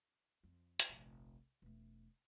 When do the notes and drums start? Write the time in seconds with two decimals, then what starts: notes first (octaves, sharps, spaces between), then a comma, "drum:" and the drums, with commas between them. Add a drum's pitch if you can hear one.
0.43 F2
0.80 drum: hi-hat
0.89 F1 A#1
1.62 E1 A3